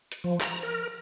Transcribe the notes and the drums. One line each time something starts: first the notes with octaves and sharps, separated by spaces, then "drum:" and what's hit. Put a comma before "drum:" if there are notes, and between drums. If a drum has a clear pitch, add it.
drum: hi-hat
F3
A#5, drum: clap
A#4